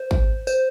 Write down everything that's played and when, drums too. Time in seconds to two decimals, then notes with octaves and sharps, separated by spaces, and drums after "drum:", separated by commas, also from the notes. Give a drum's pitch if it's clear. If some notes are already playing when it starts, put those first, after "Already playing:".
Already playing: C5
0.11 drum: kick
0.47 C5, drum: tambourine